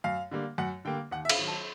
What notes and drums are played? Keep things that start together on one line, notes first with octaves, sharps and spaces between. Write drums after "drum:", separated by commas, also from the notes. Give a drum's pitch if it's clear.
F#2 F5
D3 G3 A#3
F#2 F#5
D3 G3 A#3 G5
D#2 F#5
E5
F5, drum: cymbal
D#3 F#3
A5